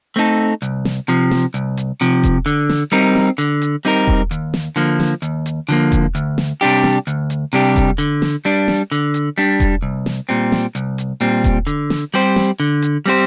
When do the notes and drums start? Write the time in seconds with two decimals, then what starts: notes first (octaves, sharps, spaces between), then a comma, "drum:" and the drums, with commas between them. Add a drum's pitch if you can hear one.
0.16 A3 C4 D#4 A4
0.62 C2, drum: hi-hat
0.85 drum: snare
1.08 C3 F3, drum: hi-hat
1.31 drum: snare
1.54 C2, drum: hi-hat
1.77 drum: hi-hat
2.01 C3 F3, drum: hi-hat
2.23 drum: kick E1, hi-hat
2.46 D3, drum: hi-hat
2.69 drum: snare
2.92 G3 C4 D#4 A#4, drum: hi-hat
3.15 drum: snare
3.38 D3, drum: hi-hat
3.62 drum: hi-hat
3.85 G3 C4 D#4 A#4, drum: hi-hat
4.08 drum: kick E1
4.31 D#2, drum: hi-hat
4.54 drum: snare
4.76 D3 F3 A#3, drum: hi-hat
5.00 drum: snare
5.22 D#2, drum: hi-hat
5.46 drum: hi-hat
5.69 D3 F3 A#3, drum: hi-hat
5.92 drum: kick E1, hi-hat
6.15 D2, drum: hi-hat
6.38 drum: snare
6.61 C3 G3 D4 G4, drum: hi-hat
6.84 drum: snare
7.07 D2, drum: hi-hat
7.30 drum: hi-hat
7.53 C3 G3 D4 G4, drum: hi-hat
7.76 drum: kick E1, hi-hat
7.98 D3, drum: hi-hat
8.22 drum: snare
8.45 G3 D4, drum: hi-hat
8.68 drum: snare
8.92 D3, drum: hi-hat
9.14 drum: hi-hat
9.38 G3 D4, drum: hi-hat
9.60 drum: kick E1, hi-hat
9.82 C2
10.06 drum: snare
10.29 A#2 G3 C4
10.52 drum: snare
10.75 C2, drum: hi-hat
10.98 drum: hi-hat
11.21 A#2 G3 C4, drum: hi-hat
11.44 drum: kick E1, hi-hat
11.67 D3, drum: hi-hat
11.90 drum: snare
12.14 G3 C4 G4 C5, drum: hi-hat
12.36 drum: snare
12.60 D3
12.82 drum: hi-hat
13.06 G3 C4 G4 C5, drum: hi-hat